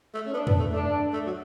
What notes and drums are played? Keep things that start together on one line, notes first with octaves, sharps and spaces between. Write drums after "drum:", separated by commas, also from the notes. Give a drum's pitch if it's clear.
A3
C#4
B3 D4
B3, drum: tom
A3
A3 D4
A3
F#3